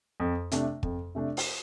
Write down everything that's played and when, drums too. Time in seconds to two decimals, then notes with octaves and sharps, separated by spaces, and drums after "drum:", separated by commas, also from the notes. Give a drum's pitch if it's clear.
0.20 F2
0.52 C3 A3 D4, drum: hi-hat
0.83 F2, drum: kick
1.15 C3 A3 D4
1.37 drum: open hi-hat